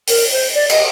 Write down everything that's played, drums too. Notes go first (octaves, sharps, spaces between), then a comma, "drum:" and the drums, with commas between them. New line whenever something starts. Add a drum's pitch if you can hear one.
A#4, drum: open hi-hat
C5
D5
D#5, drum: cymbal